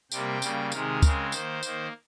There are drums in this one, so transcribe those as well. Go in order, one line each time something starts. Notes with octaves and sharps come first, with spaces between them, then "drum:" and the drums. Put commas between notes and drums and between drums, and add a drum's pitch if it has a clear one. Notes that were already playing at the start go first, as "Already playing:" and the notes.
C3 G3 A#3 G5, drum: tambourine
C#3 G3 A#3, drum: tambourine
C3 D#3 G#3 A#4, drum: tambourine
C#3 G#3 C4, drum: kick, tambourine
D#3 A#3 C5, drum: tambourine
D#3 A#3, drum: tambourine